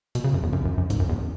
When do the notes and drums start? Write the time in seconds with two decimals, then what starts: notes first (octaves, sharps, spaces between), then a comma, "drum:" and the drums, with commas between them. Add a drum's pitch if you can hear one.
0.15 B2, drum: hi-hat
0.24 C#3
0.34 F#2
0.43 E2
0.53 F#2, drum: kick C2
0.65 F#2
0.78 F#2
0.90 G#2, drum: kick C2, hi-hat
1.00 F#2
1.09 E2